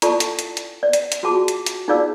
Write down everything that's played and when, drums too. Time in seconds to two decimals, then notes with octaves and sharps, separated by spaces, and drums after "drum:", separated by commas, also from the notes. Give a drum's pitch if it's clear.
0.02 E4 F4 A4 D5 A5 C#6, drum: hi-hat
0.20 drum: hi-hat
0.39 drum: hi-hat
0.57 drum: hi-hat
0.83 D5
0.93 drum: hi-hat
1.12 drum: hi-hat
1.23 F4 F#4 G#4 A5 D6
1.48 drum: hi-hat
1.66 drum: hi-hat
1.88 D#4 F4 G#4 D5 F5 E6